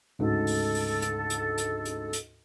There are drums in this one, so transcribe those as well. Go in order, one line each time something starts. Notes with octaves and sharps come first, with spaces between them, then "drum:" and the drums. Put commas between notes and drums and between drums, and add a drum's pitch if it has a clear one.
D2 G#2 C#3 A4
drum: open hi-hat
drum: open hi-hat
drum: hi-hat
drum: hi-hat
drum: hi-hat
drum: hi-hat
drum: hi-hat